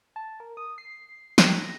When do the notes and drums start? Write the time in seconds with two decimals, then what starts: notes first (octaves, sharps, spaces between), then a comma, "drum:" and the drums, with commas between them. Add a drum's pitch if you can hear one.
0.16 A5
0.40 A#4
0.57 D#6
0.78 C7
1.38 G5, drum: snare
1.58 A#6